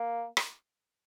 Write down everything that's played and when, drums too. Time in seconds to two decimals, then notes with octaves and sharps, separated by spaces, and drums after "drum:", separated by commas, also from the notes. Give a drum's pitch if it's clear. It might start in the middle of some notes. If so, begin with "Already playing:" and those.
Already playing: A#3
0.37 drum: rim click